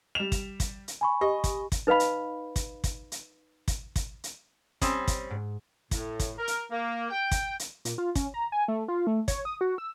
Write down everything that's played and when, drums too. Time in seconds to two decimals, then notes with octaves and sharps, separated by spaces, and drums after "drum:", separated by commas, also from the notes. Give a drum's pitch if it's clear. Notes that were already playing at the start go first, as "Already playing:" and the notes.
0.15 G3 E7 F7
0.32 drum: kick, hi-hat
0.60 drum: kick, hi-hat
0.88 drum: hi-hat
1.01 G#5 B5 C#6
1.21 G4 D#5
1.44 drum: kick, hi-hat
1.72 drum: kick, hi-hat
1.87 D#4 B4 D#5 F5 B5
2.00 drum: hi-hat
2.56 drum: kick, hi-hat
2.84 drum: kick, hi-hat
3.12 drum: hi-hat
3.68 drum: kick, hi-hat
3.96 drum: kick, hi-hat
4.24 drum: hi-hat
4.82 G3 C4 C#4 D#6 E6, drum: kick, hi-hat
5.08 drum: kick, hi-hat
5.30 G#2
5.91 A2, drum: kick, hi-hat
6.20 drum: kick, hi-hat
6.38 A#4
6.48 drum: hi-hat
6.71 A#3
7.10 G5
7.31 drum: kick, hi-hat
7.59 drum: hi-hat
7.85 A#2, drum: hi-hat
7.98 F4
8.15 C#4, drum: kick, hi-hat
8.34 A#5
8.52 G#5
8.68 A3
8.88 F4
9.07 A3
9.28 C#5, drum: kick, hi-hat
9.45 D#6
9.61 F#4
9.78 E6